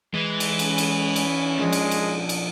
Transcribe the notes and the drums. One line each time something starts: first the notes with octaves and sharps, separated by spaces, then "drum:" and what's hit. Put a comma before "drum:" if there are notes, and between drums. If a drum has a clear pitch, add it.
E3 G#3
drum: cymbal
C#4, drum: cymbal
drum: cymbal
drum: cymbal
F3 G#3 D4
drum: cymbal
drum: cymbal
drum: cymbal